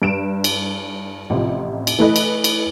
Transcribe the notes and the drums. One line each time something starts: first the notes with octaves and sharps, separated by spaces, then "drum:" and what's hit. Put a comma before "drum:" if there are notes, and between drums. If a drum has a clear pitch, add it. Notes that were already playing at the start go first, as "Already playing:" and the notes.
G2 D7 E7
drum: cymbal
A1 C3 F3
drum: cymbal
E3 A3 A4 B4 D#5
drum: cymbal
drum: cymbal